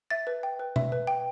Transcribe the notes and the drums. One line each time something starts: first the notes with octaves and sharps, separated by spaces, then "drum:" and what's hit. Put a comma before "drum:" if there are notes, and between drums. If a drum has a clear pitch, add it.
E5 A6
B4
G5
B4
E5, drum: tom B2
B4
G5